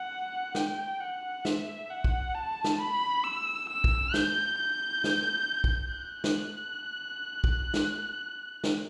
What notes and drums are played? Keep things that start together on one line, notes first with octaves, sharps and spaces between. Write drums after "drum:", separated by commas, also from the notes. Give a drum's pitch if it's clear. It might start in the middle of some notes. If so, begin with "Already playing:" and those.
Already playing: F#5
G5, drum: snare
F#5
E5, drum: snare
F#5
drum: kick
A5
drum: snare
B5
E6
E6
drum: kick
G6, drum: snare
G6
drum: snare
drum: kick
F#6
drum: snare
drum: kick
drum: snare
drum: snare